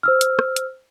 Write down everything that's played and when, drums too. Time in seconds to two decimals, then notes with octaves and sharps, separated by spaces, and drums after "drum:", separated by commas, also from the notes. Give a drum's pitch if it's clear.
0.03 C5 E6 F6
0.21 drum: hi-hat
0.39 drum: rim click
0.56 drum: hi-hat